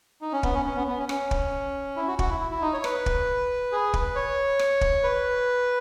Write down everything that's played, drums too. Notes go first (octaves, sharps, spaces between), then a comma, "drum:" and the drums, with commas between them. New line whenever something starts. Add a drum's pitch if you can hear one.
D#4
C#4
B3, drum: kick
C#4
C#4
B3
B3
C#4
C#4, drum: rim click
drum: kick
E4
F#4
F#4, drum: kick
E4
E4
E4
D#4
C#5
B4, drum: rim click
drum: kick
G#4
B4, drum: kick
C#5
drum: rim click
drum: kick
B4